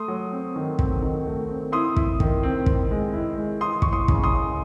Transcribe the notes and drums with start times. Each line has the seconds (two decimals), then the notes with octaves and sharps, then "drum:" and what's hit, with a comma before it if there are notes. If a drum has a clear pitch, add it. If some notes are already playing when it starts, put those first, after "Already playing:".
Already playing: A3 C6 D#6
0.08 F#3
0.32 C4
0.56 D#3
0.79 C4, drum: kick
1.02 D#3
1.26 A3
1.49 C4
1.72 E4 C6 D#6
1.97 E4, drum: kick
2.20 D#3, drum: kick
2.43 C4
2.66 C4, drum: kick
2.91 G#3
3.14 E4
3.38 G#3
3.61 E3 C6 D#6
3.82 E3 C#6, drum: kick
3.93 C6 D#6
4.08 C#3, drum: kick
4.23 C6 D#6
4.32 C#3